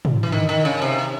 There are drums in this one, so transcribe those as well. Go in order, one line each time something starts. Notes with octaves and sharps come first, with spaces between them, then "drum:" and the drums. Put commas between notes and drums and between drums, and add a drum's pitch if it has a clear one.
drum: tom
E3
D#3
D#3
C#3
C3